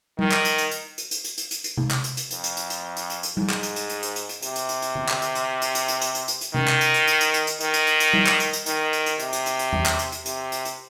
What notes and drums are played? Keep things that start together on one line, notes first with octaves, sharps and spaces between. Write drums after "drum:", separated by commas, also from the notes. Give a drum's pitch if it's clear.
D#3, drum: tom G3
drum: clap
drum: hi-hat
drum: hi-hat
drum: hi-hat
drum: hi-hat
drum: hi-hat
drum: hi-hat
drum: hi-hat
drum: hi-hat
drum: hi-hat
drum: tom C3
drum: clap
drum: hi-hat
drum: hi-hat
F2, drum: hi-hat
drum: hi-hat
drum: hi-hat
drum: hi-hat
drum: hi-hat
drum: hi-hat
drum: hi-hat
G#2, drum: tom G3
drum: clap
drum: hi-hat
drum: hi-hat
drum: hi-hat
drum: hi-hat
drum: hi-hat
drum: hi-hat
C3, drum: hi-hat
drum: hi-hat
drum: hi-hat
drum: hi-hat
drum: tom D3
drum: clap
drum: hi-hat
drum: hi-hat
drum: hi-hat
drum: hi-hat
drum: hi-hat
drum: hi-hat
drum: hi-hat
drum: hi-hat
drum: hi-hat
D#3, drum: tom C3
drum: clap
drum: hi-hat
drum: hi-hat
drum: hi-hat
drum: hi-hat
drum: hi-hat
drum: hi-hat
D#3, drum: hi-hat
drum: hi-hat
drum: hi-hat
drum: hi-hat
drum: tom G3
drum: clap
drum: hi-hat
drum: hi-hat
D#3, drum: hi-hat
drum: hi-hat
drum: hi-hat
C3, drum: hi-hat
drum: hi-hat
drum: hi-hat
drum: hi-hat
drum: tom E2
drum: clap
drum: hi-hat
drum: hi-hat
C3, drum: hi-hat
drum: hi-hat
drum: hi-hat